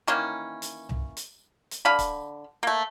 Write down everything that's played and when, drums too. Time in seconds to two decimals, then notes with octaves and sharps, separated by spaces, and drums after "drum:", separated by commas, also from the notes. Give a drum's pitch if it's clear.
0.08 D#3 E3 A#3 C#4
0.62 drum: hi-hat
0.89 drum: tom C2
1.17 drum: hi-hat
1.71 drum: hi-hat
1.85 D3 F5 B5
1.99 drum: kick, hi-hat
2.63 A3 A#3